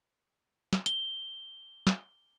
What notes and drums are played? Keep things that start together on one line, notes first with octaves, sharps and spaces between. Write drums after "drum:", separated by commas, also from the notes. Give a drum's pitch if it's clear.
drum: snare
G7, drum: hi-hat
drum: snare